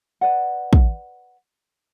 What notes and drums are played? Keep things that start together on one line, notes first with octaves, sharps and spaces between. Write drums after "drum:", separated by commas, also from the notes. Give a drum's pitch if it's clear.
B4 D5 F#5
drum: kick